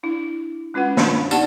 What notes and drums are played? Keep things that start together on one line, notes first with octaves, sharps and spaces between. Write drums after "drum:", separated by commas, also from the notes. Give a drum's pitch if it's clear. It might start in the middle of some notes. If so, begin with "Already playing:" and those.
D4 E4
G#3 C#4 F4 B4 F#5
D#3 D4 B5, drum: snare
B3 D#4 G4 D5 F#5 A5, drum: tambourine